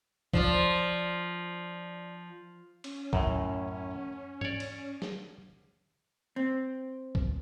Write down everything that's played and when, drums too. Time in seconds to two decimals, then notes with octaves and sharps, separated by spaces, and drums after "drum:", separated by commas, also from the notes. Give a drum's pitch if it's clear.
0.34 F3 D4 C5 D5, drum: kick B1
2.84 C#4, drum: cymbal
3.13 F#2 A2, drum: kick B1
4.41 C#5 D5, drum: tom G#2
4.60 drum: cymbal
5.02 drum: snare
6.36 C4
7.15 drum: kick B1